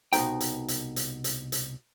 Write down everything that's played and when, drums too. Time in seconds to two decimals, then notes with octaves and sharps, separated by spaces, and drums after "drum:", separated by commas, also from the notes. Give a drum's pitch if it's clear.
0.13 C2 B2 C4 D#4 G5, drum: hi-hat
0.40 drum: hi-hat
0.68 drum: hi-hat
0.96 drum: hi-hat
1.24 drum: hi-hat
1.52 drum: hi-hat